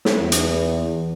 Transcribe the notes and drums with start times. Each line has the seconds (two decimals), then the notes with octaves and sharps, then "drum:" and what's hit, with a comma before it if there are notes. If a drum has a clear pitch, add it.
0.05 drum: snare
0.20 E2
0.32 drum: hi-hat